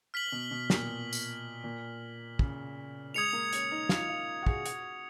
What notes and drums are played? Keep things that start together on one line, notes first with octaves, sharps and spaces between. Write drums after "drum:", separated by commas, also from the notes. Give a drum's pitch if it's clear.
F6 B6 F#7
B2
B2
A#2, drum: snare
drum: tambourine
A#2
C#3, drum: kick
G#3 D#6 G#6 C#7 F7
A#3
C#4, drum: hi-hat
D#4
F4, drum: snare
F4
F#4
G#4, drum: kick
F#4, drum: hi-hat